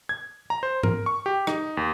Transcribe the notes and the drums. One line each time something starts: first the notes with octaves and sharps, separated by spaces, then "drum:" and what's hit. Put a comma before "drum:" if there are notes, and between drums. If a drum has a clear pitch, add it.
G#6
A#5
C5
A#4, drum: tom
C#6
G4
D#4, drum: rim click
D#2